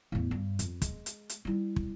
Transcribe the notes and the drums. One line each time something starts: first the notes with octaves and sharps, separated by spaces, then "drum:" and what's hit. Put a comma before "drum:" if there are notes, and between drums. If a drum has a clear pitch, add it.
E2 A2
G2
F2, drum: hi-hat
G#3, drum: kick, hi-hat
drum: hi-hat
drum: hi-hat
G3 E4
drum: kick